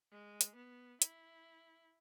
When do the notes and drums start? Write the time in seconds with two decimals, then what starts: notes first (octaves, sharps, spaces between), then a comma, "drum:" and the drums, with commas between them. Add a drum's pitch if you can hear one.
0.11 G#3
0.41 drum: hi-hat
0.56 B3
1.02 E4, drum: hi-hat